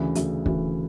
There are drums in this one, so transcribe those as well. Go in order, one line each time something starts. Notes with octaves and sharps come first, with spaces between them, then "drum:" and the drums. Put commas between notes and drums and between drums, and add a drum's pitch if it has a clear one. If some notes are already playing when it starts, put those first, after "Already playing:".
Already playing: D2 C#3 E3
D2 C#3 E3, drum: hi-hat
D2 C#3 E3, drum: kick